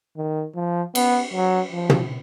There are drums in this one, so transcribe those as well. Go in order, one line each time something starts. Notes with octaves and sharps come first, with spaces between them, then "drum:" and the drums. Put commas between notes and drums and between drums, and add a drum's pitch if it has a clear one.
D#3
F3
B3, drum: cymbal
F#3
F3
drum: tom